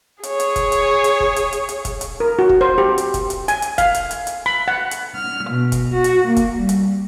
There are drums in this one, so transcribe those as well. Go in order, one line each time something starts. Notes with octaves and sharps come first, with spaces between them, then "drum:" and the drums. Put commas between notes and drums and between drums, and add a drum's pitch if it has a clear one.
G#4 C#5, drum: hi-hat
drum: hi-hat
drum: kick E1, hi-hat
drum: hi-hat
drum: hi-hat
drum: kick E1
drum: hi-hat
drum: hi-hat
drum: hi-hat
drum: kick E1, hi-hat
drum: hi-hat
A#4
F#4
drum: kick E1
C5
G4
drum: hi-hat
drum: kick E1, hi-hat
drum: hi-hat
G#5, drum: hi-hat
drum: hi-hat
F5, drum: kick E1, hi-hat
drum: hi-hat
drum: hi-hat
drum: hi-hat
B5
F#5
drum: hi-hat
F6
B2
drum: kick E1, hi-hat
F#4
drum: hi-hat
A#3
drum: kick E1, hi-hat
G3
drum: hi-hat